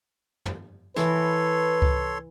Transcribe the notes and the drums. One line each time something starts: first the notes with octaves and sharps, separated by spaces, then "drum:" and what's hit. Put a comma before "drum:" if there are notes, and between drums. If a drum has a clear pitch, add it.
drum: tom
E3 A4 B4 C#5 C6, drum: snare
drum: kick C#2